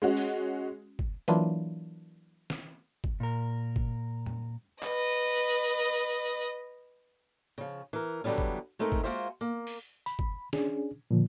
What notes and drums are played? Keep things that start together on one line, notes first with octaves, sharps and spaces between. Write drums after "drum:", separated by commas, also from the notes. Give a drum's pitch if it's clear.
G#3 C#4 F#4
drum: open hi-hat
drum: kick G1
E3 F#3 A#3 D4 E4 F4, drum: hi-hat
drum: snare
drum: kick G1
A#2 A#4
drum: kick G1
drum: tom
B4 D#5, drum: clap
C#3 F3
E3 A#4
D3 E3 F#3 G3 B3 C#4
drum: kick G1
G#3 A3 C4 D#4 A#4
drum: kick G1
G#3 A#3 F4 F#4 C5 E5
A#3
drum: open hi-hat
B5, drum: tambourine
drum: kick G1
C#4 D4 G#4, drum: snare
A#2 D3 D#3 F3